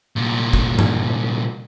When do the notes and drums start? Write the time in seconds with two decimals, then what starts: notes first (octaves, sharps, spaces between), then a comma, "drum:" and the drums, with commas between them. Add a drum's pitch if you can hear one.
0.17 C2 A#2
0.53 drum: kick
0.79 drum: tom G2